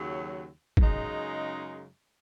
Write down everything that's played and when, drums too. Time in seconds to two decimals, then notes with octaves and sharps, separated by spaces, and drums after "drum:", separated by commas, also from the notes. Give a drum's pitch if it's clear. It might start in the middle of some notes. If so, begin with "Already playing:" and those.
Already playing: D#2 C#3 F#3
0.77 F#2 C#3 G#3 D#4, drum: kick